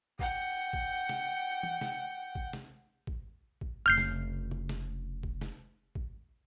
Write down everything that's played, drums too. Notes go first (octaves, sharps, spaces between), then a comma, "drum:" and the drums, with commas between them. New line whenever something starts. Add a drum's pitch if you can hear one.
F#5 G5, drum: kick
drum: kick
drum: snare
drum: tom
drum: snare
drum: kick
drum: snare
drum: kick
drum: kick
F1 C#3 F6 G6 C7
drum: snare
drum: tom
drum: snare
drum: kick
drum: snare
drum: kick